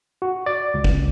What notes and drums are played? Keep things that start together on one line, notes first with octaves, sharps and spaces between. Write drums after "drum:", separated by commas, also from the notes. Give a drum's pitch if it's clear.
F#4
D5
C#2
drum: kick